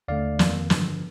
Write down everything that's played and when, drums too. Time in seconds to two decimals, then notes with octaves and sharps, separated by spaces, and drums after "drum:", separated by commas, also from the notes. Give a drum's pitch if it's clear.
0.08 D#2 D3 A3 D5 F5
0.39 F2 D#3 A#3, drum: snare
0.70 G2 D3 F3, drum: snare